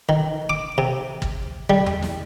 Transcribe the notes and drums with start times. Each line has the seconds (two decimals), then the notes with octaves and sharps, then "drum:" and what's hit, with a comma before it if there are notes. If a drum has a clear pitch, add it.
0.09 D#3
0.50 D6
0.78 C3
1.22 drum: kick
1.70 G3
1.86 drum: tom E2
2.02 drum: snare